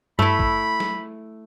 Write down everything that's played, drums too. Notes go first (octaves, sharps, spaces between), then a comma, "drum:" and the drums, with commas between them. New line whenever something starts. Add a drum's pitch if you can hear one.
G2 A3 E4 B5
drum: kick
drum: snare